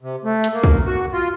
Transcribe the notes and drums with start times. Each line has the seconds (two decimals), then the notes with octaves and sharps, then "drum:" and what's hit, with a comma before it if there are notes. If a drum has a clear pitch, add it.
0.01 C3
0.24 A3
0.44 drum: hi-hat
0.53 A#3
0.63 drum: kick
0.86 F#4
1.13 F4